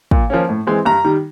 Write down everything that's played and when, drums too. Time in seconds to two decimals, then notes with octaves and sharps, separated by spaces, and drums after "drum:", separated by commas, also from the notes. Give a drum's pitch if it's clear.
0.11 A#2, drum: kick
0.30 F3 A#3 C#4
0.49 A2
0.67 E3 G#3 C4
0.85 G2 A#5
1.05 D#3 G3